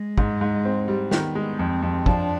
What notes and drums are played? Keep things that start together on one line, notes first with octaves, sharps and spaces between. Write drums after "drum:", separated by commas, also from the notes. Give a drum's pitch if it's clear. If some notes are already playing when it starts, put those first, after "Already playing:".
Already playing: G#3
G#2, drum: kick
G#2
C4
G3
D#3 B3, drum: snare
G#3
F2 C4
F2
F3 D4, drum: kick